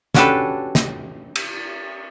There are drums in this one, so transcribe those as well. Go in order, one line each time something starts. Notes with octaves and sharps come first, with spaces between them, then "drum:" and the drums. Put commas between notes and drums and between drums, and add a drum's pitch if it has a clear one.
C#4 D4 F#4 G4 A4 B4, drum: snare
drum: snare
drum: cymbal